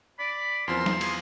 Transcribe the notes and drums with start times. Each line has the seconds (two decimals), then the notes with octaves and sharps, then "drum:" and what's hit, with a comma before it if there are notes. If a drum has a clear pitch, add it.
0.19 D5 B5
0.68 E2 F3 C4 A#4 C6
0.86 drum: snare
1.01 G#4, drum: cymbal